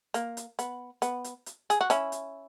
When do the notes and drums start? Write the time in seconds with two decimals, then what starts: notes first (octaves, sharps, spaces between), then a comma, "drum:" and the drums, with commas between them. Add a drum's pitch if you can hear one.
0.14 A#3, drum: hi-hat
0.37 drum: hi-hat
0.59 B3, drum: hi-hat
1.02 B3, drum: hi-hat
1.24 drum: hi-hat
1.46 drum: hi-hat
1.70 G#4, drum: hi-hat
1.81 F#4
1.90 C#4 E4, drum: hi-hat
2.12 drum: hi-hat